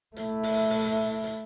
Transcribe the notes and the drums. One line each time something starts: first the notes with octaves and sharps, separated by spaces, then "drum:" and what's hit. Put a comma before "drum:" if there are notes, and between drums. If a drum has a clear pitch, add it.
A3 E4, drum: hi-hat
drum: open hi-hat
drum: open hi-hat
drum: hi-hat